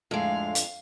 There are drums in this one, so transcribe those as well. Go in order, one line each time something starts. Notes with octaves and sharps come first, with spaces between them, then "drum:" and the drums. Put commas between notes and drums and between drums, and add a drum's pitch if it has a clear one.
F2 A2 D3 G#3 F5
drum: hi-hat